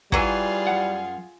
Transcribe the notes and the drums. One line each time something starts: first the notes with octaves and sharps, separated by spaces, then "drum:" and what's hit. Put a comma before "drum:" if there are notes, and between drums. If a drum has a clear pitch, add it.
E3 F#3 G3 F4 G#4, drum: kick
F#2 F#5